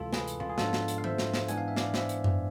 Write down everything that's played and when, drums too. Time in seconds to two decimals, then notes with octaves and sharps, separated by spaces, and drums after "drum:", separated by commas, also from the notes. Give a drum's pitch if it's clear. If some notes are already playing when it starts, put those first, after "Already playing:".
Already playing: D2 C3 E3 G#3 F4 A4
0.13 G#4 B4, drum: snare
0.28 drum: hi-hat
0.40 F4, drum: tom B2
0.49 G#4
0.58 G#2 F3 G#3 B3 D4 F4 A4, drum: snare
0.73 drum: snare
0.88 drum: hi-hat
0.98 F5
1.04 C5 E5, drum: tom D#3
1.18 drum: snare
1.34 drum: snare
1.48 G#2 E3 B3 D4 G#5, drum: hi-hat
1.58 F5
1.68 E5
1.76 D5 F5, drum: snare
1.94 C5 E5, drum: snare
2.09 drum: hi-hat
2.24 drum: tom F#2